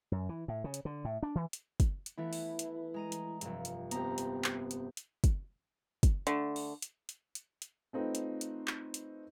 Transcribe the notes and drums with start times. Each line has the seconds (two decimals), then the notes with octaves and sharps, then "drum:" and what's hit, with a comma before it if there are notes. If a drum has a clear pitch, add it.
0.12 F#2
0.29 E3
0.48 A2
0.64 C#3
0.74 drum: hi-hat
0.85 D3
1.05 A2
1.23 D4
1.35 E3
1.53 drum: hi-hat
1.80 drum: kick, hi-hat
2.06 drum: hi-hat
2.18 E3 A3 B3 E4
2.33 drum: open hi-hat
2.59 drum: hi-hat
2.94 G#3 A#5 D#7
3.12 drum: hi-hat
3.41 F1 G2, drum: hi-hat
3.65 drum: hi-hat
3.91 B3 C4 G4 A#5, drum: hi-hat
4.18 drum: hi-hat
4.44 drum: clap
4.71 drum: hi-hat
4.97 drum: hi-hat
5.24 drum: kick, hi-hat
6.03 drum: kick, hi-hat
6.27 D3 A3, drum: hi-hat
6.56 drum: open hi-hat
6.82 drum: hi-hat
7.09 drum: hi-hat
7.35 drum: hi-hat
7.62 drum: hi-hat
7.93 A3 C4 D#4 F4 B4
8.15 drum: hi-hat
8.41 drum: hi-hat
8.68 drum: clap
8.94 drum: hi-hat